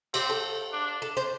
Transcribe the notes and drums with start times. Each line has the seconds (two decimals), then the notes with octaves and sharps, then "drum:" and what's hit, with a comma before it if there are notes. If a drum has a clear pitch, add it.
0.14 C4 G4, drum: cymbal
0.30 A4
0.73 D4
1.02 A4
1.17 C5